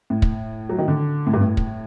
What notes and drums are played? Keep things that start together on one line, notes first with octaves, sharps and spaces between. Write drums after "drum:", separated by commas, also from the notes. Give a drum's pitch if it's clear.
A2
drum: kick
F#3
D#3
D3
A2
G2
A2
drum: kick